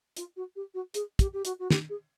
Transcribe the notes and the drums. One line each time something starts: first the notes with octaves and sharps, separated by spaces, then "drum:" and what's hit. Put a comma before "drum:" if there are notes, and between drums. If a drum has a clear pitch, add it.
F4, drum: hi-hat
F#4
G4
F#4
G#4, drum: hi-hat
G4, drum: kick, hi-hat
G4
F#4, drum: hi-hat
F#4
G4, drum: snare
G#4